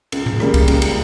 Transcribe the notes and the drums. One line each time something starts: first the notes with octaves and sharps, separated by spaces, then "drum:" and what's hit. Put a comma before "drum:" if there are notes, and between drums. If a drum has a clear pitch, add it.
C#2, drum: cymbal
drum: tom G#2
C#3 G3 A#3, drum: rim click
drum: kick C2, cymbal
C#2, drum: cymbal
drum: cymbal